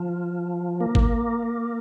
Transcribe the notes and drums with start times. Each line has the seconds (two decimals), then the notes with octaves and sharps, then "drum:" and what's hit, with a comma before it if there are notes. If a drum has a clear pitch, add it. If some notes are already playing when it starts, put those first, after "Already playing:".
Already playing: F3
0.81 A#3
0.95 drum: kick G#1